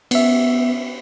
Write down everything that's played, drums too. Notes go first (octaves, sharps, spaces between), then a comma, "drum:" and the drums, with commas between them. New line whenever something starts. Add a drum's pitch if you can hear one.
B3 E5, drum: cymbal